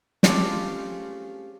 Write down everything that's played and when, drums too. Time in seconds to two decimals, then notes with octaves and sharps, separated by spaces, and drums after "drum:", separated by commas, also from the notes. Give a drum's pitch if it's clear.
0.23 A3 C4 C#4 F4 G4 G#4, drum: snare